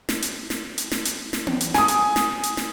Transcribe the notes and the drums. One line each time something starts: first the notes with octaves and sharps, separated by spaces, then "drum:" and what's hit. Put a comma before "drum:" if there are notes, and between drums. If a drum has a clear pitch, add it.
drum: snare
drum: hi-hat
drum: snare
drum: hi-hat
drum: snare
drum: hi-hat
drum: snare
drum: tom B3
drum: hi-hat
G#5 D#6, drum: snare
drum: hi-hat
drum: snare
drum: hi-hat
drum: snare